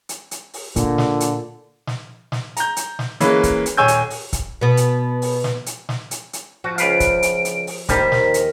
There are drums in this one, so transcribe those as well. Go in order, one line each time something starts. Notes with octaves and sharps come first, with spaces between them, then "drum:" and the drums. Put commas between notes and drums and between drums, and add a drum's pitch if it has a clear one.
drum: hi-hat
drum: hi-hat
drum: open hi-hat
A#2 D3, drum: kick, hi-hat
drum: snare
drum: hi-hat
drum: snare
drum: snare
A#5 G6, drum: hi-hat
drum: hi-hat
drum: snare
E3 G#3 A#3 C#4 B4, drum: hi-hat
drum: kick, hi-hat
drum: hi-hat
D#1 C#5 G#5 E6 G6
drum: hi-hat
drum: open hi-hat
drum: kick, hi-hat
B2 B3
drum: hi-hat
drum: open hi-hat
drum: snare
drum: hi-hat
drum: snare
drum: hi-hat
drum: hi-hat
F3 F#4
C#2 B4 F5 D7, drum: hi-hat
drum: kick, hi-hat
drum: hi-hat
drum: hi-hat
drum: open hi-hat
D#2 D#3 G3 D#4 C5 B6, drum: kick, hi-hat
drum: snare
drum: hi-hat